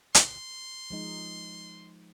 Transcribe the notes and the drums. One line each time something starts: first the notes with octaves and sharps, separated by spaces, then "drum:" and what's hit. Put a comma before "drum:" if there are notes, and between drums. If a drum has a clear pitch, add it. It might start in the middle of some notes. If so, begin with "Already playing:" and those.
C6, drum: hi-hat
F3 G#3 D#4